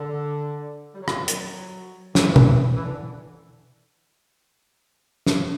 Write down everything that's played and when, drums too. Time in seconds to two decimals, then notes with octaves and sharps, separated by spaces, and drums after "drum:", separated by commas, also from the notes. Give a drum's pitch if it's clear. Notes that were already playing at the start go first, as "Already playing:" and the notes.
Already playing: D3
0.94 G3
1.01 F#3
1.08 E3, drum: rim click
1.16 F#3
1.28 drum: hi-hat
2.15 E3, drum: snare
2.36 drum: tom
2.76 E3
2.84 D3
5.27 drum: snare